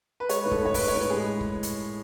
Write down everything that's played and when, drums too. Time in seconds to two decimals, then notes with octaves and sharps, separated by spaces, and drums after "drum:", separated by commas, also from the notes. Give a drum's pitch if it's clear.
0.20 B4
0.29 G#3 C#5, drum: hi-hat
0.43 A2 B4
0.51 A4, drum: kick
0.63 A2 C#5
0.74 B4, drum: kick, open hi-hat
0.80 G#3
0.88 C#5
0.96 A2 B4
1.10 G#3 G#4
1.41 drum: kick
1.63 drum: hi-hat